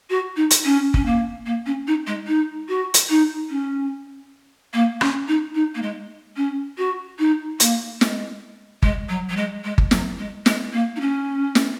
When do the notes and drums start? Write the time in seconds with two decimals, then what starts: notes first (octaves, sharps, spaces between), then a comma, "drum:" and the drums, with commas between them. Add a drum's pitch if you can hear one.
0.10 F#4
0.36 D#4
0.50 drum: hi-hat
0.65 C#4
0.94 C#4, drum: kick G1
1.06 A#3
1.46 A#3
1.66 C#4
1.87 D#4
2.07 G#3
2.27 D#4
2.69 F#4
2.94 drum: hi-hat
3.10 D#4
3.50 C#4
4.73 A#3
5.01 C#4, drum: rim click
5.28 D#4
5.55 D#4
5.75 A#3
5.82 G#3
6.36 C#4
6.78 F#4
7.19 D#4
7.60 A#3, drum: hi-hat
8.01 G#3, drum: snare
8.83 G#3, drum: kick G1
9.09 F#3
9.29 F#3
9.36 G#3
9.64 G#3
9.78 drum: kick G1
9.91 F#3, drum: snare
10.19 G#3
10.46 G#3, drum: snare
10.73 A#3
10.96 D#4
11.00 C#4
11.55 drum: snare